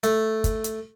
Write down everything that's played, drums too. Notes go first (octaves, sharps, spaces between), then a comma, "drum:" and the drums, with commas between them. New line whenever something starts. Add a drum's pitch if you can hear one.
A3, drum: hi-hat
drum: kick, hi-hat
drum: hi-hat